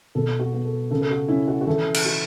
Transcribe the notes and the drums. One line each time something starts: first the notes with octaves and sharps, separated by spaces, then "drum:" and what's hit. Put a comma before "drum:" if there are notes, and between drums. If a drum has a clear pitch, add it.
B2 A4
F#4
B3
A4
C#3 A4
A4
F#4
C#4 E4
F#4
F#4
E3 A4
drum: cymbal
F#4